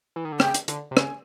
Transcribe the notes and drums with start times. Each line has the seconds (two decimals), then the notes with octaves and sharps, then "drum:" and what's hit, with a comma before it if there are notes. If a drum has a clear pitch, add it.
0.16 E3
0.25 D#3
0.32 D3
0.40 C#3 G5, drum: rim click
0.54 drum: hi-hat
0.68 D3, drum: hi-hat
0.91 C3
0.97 C#3 G#5, drum: rim click